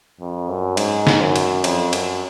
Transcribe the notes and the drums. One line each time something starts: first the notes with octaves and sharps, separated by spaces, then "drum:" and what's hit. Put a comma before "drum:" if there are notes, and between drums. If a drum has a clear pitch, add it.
F2
F#2
G#2, drum: cymbal
drum: snare
F#2
drum: cymbal
F2, drum: cymbal
F#2, drum: cymbal